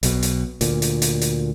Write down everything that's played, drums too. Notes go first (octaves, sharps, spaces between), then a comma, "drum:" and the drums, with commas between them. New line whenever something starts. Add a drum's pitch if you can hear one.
B1 B2, drum: hi-hat
drum: hi-hat
D2 A#2, drum: hi-hat
drum: hi-hat
drum: hi-hat
drum: hi-hat